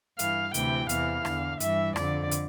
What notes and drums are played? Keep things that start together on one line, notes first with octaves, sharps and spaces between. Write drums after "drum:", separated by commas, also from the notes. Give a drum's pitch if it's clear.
G2 E3 F5, drum: hi-hat
D2 C3 E3 G5, drum: hi-hat
E2 C3 E3 F5, drum: hi-hat
E2 D3, drum: rim click
G2 E3 E5, drum: hi-hat
F2 D3 D5, drum: rim click
drum: hi-hat